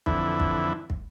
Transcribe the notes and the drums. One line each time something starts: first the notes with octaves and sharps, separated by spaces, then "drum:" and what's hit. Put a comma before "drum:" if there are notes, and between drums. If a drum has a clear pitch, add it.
F2 D3 E3 E4, drum: kick
drum: kick
drum: kick